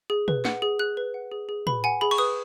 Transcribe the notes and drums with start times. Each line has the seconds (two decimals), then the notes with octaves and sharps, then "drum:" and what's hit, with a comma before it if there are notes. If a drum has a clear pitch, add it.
0.10 G#4
0.28 B4, drum: tom
0.45 F#5, drum: snare
0.62 G#4
0.79 G#4 F#6
0.97 B4
1.14 F#5
1.32 G#4
1.49 G#4
1.67 B4 B5, drum: tom
1.84 F#5 G#5
2.01 G#4 B5
2.11 C#6, drum: cymbal
2.18 B4 D#6